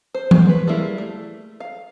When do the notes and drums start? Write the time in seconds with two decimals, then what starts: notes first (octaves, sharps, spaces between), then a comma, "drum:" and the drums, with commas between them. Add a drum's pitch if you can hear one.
0.14 C5
0.31 drum: tom E3
0.46 G#3 B4
0.67 G3 G#3 A#3 E4
0.98 A3
1.60 F5